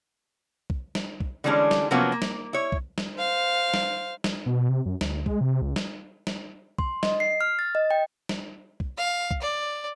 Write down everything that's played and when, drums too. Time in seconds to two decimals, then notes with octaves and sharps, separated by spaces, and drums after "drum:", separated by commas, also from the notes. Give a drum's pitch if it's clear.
0.70 drum: kick
0.95 drum: snare
1.20 drum: kick
1.44 D3 E3 G3 G#3 C#4 D4
1.71 drum: snare
1.91 C3 F3 F#3 A#3 B3 C#4
2.12 A#3
2.22 drum: snare
2.53 E4 C#5
2.72 drum: kick
2.98 drum: snare
3.16 C5 F5
3.74 drum: snare
4.24 drum: snare
4.46 B2
4.69 C3
4.86 F#2
5.01 D2, drum: snare
5.26 G#3, drum: kick
5.41 C3
5.62 C#2
5.76 drum: snare
6.27 drum: snare
6.79 C6, drum: kick
7.03 D#5, drum: snare
7.20 C7
7.41 F6
7.59 A6
7.75 D#5
7.91 G5
8.29 drum: snare
8.80 drum: kick
8.97 F5
9.31 drum: kick
9.42 D5